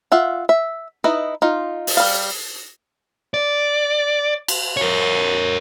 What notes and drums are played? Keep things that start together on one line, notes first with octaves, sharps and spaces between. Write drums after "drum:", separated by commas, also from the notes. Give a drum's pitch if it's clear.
F4 E5 F#5
E5
D#4 E4 B4 D#5
D#4 F4
drum: open hi-hat
G3 F5
D5
drum: cymbal
A#4 C#5